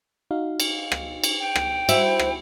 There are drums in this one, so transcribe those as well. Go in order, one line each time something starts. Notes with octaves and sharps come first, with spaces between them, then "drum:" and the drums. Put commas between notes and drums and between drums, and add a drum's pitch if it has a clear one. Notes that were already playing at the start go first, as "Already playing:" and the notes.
D#4 F#4 F5
drum: cymbal
drum: rim click
drum: cymbal
G5
drum: rim click
E4 F#4 C5, drum: cymbal
drum: rim click